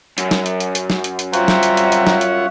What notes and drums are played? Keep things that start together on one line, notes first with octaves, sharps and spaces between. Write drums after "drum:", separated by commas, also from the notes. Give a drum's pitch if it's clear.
F#2, drum: hi-hat
drum: snare
drum: hi-hat
drum: hi-hat
drum: hi-hat
drum: snare
drum: hi-hat
drum: hi-hat
G3 F4 C5 C#5 E5 F#5 G5 A#5, drum: hi-hat
drum: snare
drum: hi-hat
drum: hi-hat
drum: hi-hat
drum: snare
drum: hi-hat